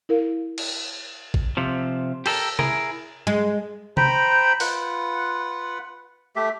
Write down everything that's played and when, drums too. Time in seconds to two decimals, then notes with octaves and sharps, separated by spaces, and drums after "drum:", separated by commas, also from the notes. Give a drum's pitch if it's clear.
0.09 E4 A#4 F5
0.58 drum: cymbal
1.34 drum: kick A1
1.57 C3 F3
2.26 G4 A4 A#4, drum: cymbal
2.59 E4 G#4 A#4, drum: tom C3
3.27 G#3
3.97 C5 G5 A#5 B5, drum: tom C3
4.60 F4 B4 F#5, drum: open hi-hat
6.36 A3 G4 E5